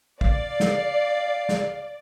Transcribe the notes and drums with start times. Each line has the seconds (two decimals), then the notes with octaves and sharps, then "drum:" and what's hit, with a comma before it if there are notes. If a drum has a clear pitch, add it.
0.21 D5 F5, drum: kick
0.60 drum: snare
1.49 drum: snare